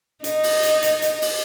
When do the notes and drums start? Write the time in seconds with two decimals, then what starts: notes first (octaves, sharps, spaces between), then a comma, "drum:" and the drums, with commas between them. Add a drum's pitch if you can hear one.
0.24 D#4, drum: hi-hat
0.43 drum: open hi-hat
0.63 drum: hi-hat
0.83 drum: hi-hat
1.02 drum: hi-hat
1.22 drum: open hi-hat